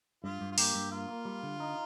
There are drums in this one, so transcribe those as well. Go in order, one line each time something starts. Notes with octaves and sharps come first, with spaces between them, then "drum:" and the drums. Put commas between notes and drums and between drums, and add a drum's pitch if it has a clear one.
G2 F4
G2
F4
A#3 G4, drum: open hi-hat
G2
A#3 F4
A#3
G3
D3
D#4